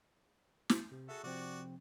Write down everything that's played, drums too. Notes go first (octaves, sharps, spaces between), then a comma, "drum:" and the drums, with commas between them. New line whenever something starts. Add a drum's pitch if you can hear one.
drum: snare
C3
F#4 G#4 A4 E5
C3 F3 C4 F#4 D5